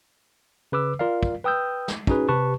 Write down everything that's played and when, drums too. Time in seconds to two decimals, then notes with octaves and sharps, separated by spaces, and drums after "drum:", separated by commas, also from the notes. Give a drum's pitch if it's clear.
0.72 C#3 B4 D6 E6
0.99 F4 A#4 D5 F5
1.23 drum: kick
1.44 B4 G5 D#6 E6 G6
1.88 drum: snare
2.07 C#4 D#4 F#4 G#4 B4, drum: kick
2.29 C3 G4 B4 A5 C#6